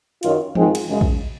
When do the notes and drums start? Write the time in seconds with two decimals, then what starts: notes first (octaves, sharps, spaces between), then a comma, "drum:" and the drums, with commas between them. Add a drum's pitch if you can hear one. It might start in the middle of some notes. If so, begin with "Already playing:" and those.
0.23 F#2 D#3 F#3 F4, drum: hi-hat
0.55 G#2 D#3 G#3 C4 F4, drum: tom E3
0.75 drum: cymbal
0.87 F#2 C#3 G#3
1.01 drum: kick